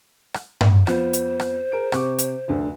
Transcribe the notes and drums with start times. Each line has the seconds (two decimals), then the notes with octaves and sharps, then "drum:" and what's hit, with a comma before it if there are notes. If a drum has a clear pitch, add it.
0.34 drum: rim click
0.61 drum: tom G2
0.87 F2 B3 F4 C5, drum: rim click
1.13 drum: hi-hat
1.40 drum: rim click
1.72 G#4 A#4 D7
1.92 C3 C#6 D6, drum: rim click
2.18 drum: hi-hat
2.48 F1 D2 D3